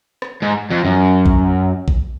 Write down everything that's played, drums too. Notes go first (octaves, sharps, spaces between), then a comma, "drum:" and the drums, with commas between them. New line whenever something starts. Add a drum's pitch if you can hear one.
drum: rim click
G#2
F2
F#2
drum: kick A1
drum: kick A1